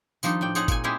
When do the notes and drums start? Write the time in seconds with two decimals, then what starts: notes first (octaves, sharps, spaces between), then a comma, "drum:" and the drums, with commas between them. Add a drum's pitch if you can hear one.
0.23 D#3 F3 G3 D4 D#4, drum: tambourine
0.41 A2 D4 G5
0.55 C4 D#4 G#4 C#5 F#5 A#5, drum: tambourine
0.68 A#2 G#5, drum: kick G#1, tambourine
0.84 G#3 B3 C#4 E4 G4 G#4